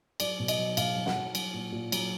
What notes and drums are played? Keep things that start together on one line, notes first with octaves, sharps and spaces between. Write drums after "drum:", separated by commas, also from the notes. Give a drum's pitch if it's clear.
F#3 D5, drum: cymbal
B2
D#5, drum: cymbal
F#3
B2 F5, drum: cymbal
F#3
F#5, drum: snare
F#3
F#3, drum: cymbal
A#2
A#2
F#3, drum: cymbal